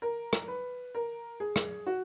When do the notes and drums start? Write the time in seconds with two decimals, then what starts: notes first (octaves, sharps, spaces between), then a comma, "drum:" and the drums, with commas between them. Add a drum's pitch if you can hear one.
0.02 A#4
0.33 drum: rim click
0.48 B4
0.95 A#4
1.40 G#4
1.56 drum: rim click
1.87 F#4